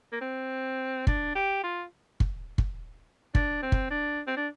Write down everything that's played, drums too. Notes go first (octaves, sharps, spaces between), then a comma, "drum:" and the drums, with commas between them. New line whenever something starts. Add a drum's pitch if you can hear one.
A#3
C4
D4, drum: kick
G4
F4
drum: kick
drum: kick
D4, drum: kick
C4
drum: kick
D4
C4
D4